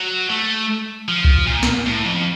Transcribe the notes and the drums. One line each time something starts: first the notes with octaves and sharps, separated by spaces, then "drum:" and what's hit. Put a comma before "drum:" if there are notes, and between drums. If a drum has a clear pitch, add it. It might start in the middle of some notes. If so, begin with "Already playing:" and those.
Already playing: F#3
A3
F3
drum: kick C2
A#2
drum: snare
A2
F2